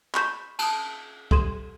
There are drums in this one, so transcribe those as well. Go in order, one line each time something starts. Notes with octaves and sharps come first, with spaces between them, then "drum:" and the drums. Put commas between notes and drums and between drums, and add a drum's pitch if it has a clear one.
B5 C#6 G6 B6 E7, drum: clap
A5 D#6, drum: cymbal
G4 A4 C6 G#6 D#7 E7, drum: kick